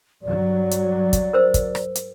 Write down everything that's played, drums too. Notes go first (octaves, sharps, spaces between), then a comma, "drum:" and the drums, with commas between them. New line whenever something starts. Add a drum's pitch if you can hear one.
G2 F#3 D5
drum: hi-hat
drum: kick, hi-hat
A#4 C5 E6
drum: kick, hi-hat
drum: rim click
drum: hi-hat